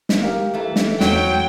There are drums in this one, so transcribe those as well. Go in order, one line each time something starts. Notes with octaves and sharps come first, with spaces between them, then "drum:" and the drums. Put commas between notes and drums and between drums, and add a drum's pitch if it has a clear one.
drum: snare
G4 A#4 F5
E3 A3
drum: snare
E2 F#3 C4 G5, drum: snare